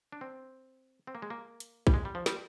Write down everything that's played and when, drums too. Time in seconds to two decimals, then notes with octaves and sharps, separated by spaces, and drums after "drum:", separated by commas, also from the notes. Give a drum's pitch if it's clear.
0.12 D4
0.21 C4
1.07 C4
1.15 A#3
1.22 G#3
1.30 A#3
1.60 drum: hi-hat
1.87 G3, drum: kick
1.94 G#3
2.05 G3
2.15 F3
2.26 G3, drum: snare